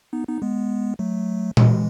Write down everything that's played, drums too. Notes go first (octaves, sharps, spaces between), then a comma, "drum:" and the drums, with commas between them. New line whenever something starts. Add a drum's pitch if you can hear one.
B3 D#4
B3 D#4
G#3 B3
F#3 A3
E3 G#3, drum: tom A#2